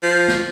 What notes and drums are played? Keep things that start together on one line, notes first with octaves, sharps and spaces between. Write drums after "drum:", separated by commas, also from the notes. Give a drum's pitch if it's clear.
F3
drum: snare